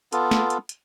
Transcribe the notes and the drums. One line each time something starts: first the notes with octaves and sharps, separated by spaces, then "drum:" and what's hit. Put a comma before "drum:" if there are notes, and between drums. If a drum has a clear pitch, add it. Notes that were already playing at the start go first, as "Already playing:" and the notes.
B3 F4 A4, drum: hi-hat
drum: snare
drum: hi-hat
drum: hi-hat